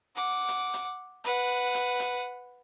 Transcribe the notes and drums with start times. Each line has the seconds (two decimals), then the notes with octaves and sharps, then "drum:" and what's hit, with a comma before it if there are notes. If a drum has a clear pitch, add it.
0.15 F#5 D6
0.48 drum: hi-hat
0.74 drum: hi-hat
1.24 B4 F#5, drum: hi-hat
1.74 drum: hi-hat
2.00 drum: hi-hat